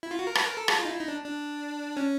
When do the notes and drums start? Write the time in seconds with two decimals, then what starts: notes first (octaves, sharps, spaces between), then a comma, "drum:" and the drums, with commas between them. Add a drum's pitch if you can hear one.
0.03 E4
0.11 F4
0.19 F#4
0.27 A#4
0.35 B4, drum: rim click
0.46 A#4
0.57 A4
0.68 G#4, drum: rim click
0.79 F4
0.85 D#4
0.89 E4
1.00 D#4
1.08 D4
1.24 D4
1.97 C#4